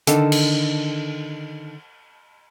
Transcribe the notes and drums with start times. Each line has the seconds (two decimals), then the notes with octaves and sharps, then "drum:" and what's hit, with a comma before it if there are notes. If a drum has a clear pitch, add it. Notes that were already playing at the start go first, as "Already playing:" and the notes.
0.07 D3 D#3 A4, drum: hi-hat
0.32 drum: cymbal